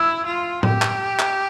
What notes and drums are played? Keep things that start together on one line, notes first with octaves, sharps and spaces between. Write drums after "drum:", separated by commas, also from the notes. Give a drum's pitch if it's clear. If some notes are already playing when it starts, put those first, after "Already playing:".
Already playing: E4 E6
F4
G4, drum: tom A2
drum: clap
drum: clap